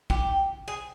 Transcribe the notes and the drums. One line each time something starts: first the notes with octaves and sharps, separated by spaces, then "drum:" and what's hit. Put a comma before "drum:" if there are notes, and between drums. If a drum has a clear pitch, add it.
G4, drum: kick A#1
G#4